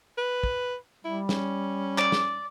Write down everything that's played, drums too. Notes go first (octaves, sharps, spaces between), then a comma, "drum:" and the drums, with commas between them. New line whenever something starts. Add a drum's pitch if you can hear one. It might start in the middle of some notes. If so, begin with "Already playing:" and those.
B4
drum: kick
G3 E4
C#4, drum: snare
D5, drum: clap
drum: snare